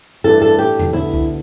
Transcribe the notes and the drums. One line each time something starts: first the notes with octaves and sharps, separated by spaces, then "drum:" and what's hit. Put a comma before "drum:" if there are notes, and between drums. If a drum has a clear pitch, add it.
G2 E3 A3 D4 A4
A4
A2 A3 D4 G4 A4
drum: tom E2
D2 D3 B3 E4
drum: kick C2